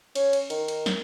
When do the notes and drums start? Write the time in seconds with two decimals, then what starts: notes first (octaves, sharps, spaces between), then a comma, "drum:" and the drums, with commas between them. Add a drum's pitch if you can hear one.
0.15 C#4, drum: cymbal
0.33 drum: cymbal
0.50 D#3, drum: cymbal
0.68 drum: cymbal
0.86 drum: snare